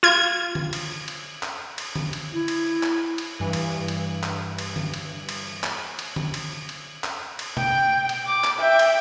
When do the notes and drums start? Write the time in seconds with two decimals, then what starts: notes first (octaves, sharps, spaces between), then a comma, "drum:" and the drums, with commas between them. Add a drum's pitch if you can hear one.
0.03 F4 G#6
0.55 drum: tom D3
0.73 drum: cymbal
1.08 drum: cymbal
1.43 drum: clap
1.78 drum: cymbal
1.96 drum: tom D3
2.13 drum: cymbal
2.33 E4
2.48 drum: cymbal
2.83 drum: clap
3.18 drum: cymbal
3.40 G2 E3
3.53 drum: cymbal
3.88 drum: cymbal
4.23 drum: clap
4.59 drum: cymbal
4.76 drum: tom D3
4.94 drum: cymbal
5.29 drum: cymbal
5.64 drum: clap
5.99 drum: cymbal
6.16 drum: tom D3
6.34 drum: cymbal
6.69 drum: cymbal
7.04 drum: clap
7.39 drum: cymbal
7.57 G5, drum: tom B2
8.09 drum: cymbal
8.27 D6
8.44 drum: clap
8.59 E5 G5
8.79 drum: cymbal